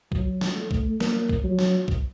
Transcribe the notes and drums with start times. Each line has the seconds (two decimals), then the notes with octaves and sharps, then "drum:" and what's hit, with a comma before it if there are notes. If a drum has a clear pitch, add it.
0.12 F#3, drum: kick
0.41 drum: snare
0.56 A3
0.71 drum: kick
1.00 A#3, drum: snare
1.29 drum: kick
1.44 F#3
1.59 drum: snare
1.88 drum: kick